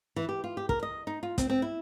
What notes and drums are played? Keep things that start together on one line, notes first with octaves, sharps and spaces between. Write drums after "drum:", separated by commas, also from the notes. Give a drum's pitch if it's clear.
E3
G4
F4
G4
A#4, drum: kick
D#5
D#4
F4
C4, drum: kick, hi-hat
C4
E4